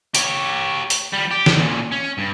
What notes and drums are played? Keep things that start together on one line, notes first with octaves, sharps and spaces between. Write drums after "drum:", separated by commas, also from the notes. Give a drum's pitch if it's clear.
G4 C#5, drum: open hi-hat
drum: open hi-hat
F3 G3
G4
drum: snare
A#2 C#3
C#4
G2